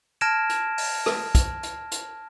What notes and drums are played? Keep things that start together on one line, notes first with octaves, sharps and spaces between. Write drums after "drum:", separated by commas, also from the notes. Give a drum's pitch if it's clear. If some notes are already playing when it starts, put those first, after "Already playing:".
A5 F6 G#6 A#6 D7 E7
drum: hi-hat
drum: open hi-hat
drum: rim click
drum: kick, hi-hat
drum: hi-hat
drum: hi-hat